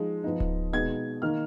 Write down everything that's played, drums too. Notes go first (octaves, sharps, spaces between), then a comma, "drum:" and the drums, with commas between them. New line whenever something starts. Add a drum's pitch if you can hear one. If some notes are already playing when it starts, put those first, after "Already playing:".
Already playing: F3 G#3 D#4
F3 B3 D#4
drum: kick D1
B2 G#3 B3 D#4 G#6
D#3 A#3 D#4 F6